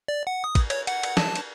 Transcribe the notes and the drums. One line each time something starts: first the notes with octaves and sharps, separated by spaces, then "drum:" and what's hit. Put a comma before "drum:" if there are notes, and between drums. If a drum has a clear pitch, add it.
D5
F#5
D#6
drum: kick, cymbal
C#5, drum: cymbal
F#5, drum: cymbal
drum: cymbal
A5, drum: snare
drum: cymbal